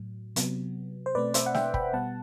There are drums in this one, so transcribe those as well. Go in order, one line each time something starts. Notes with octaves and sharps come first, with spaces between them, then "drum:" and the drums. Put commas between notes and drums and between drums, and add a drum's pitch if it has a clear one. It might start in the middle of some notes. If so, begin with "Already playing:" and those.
Already playing: A2 F#3
C3 F#3 B3, drum: hi-hat
C5
B2 A3 C4 B4 D5
C5 E5, drum: hi-hat
F#5
E5 G5, drum: snare
G5 B5, drum: kick
B2 G3 B3 F#5 A5